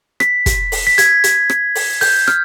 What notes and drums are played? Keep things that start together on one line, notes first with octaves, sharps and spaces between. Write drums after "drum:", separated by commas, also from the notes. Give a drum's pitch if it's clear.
B6, drum: rim click
drum: kick, hi-hat
drum: open hi-hat
B6
G#6, drum: hi-hat
drum: hi-hat
drum: rim click
drum: open hi-hat
G6, drum: open hi-hat
F6, drum: rim click